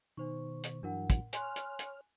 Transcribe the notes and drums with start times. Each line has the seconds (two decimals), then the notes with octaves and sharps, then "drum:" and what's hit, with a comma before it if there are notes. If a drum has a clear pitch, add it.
0.17 B2 D#3 D#4 C5 C#6
0.63 drum: hi-hat
0.83 G2 E3 F#3 D4 A#4 F#5
1.10 drum: kick, hi-hat
1.33 C#5 G#5 C6 F6 F#6, drum: hi-hat
1.56 drum: hi-hat
1.79 drum: hi-hat